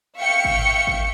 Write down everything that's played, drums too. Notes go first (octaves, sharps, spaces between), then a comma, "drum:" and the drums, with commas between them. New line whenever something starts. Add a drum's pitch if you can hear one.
E5 F5 G5 C#6 C#7
drum: kick G#1
drum: tom G2
drum: kick G#1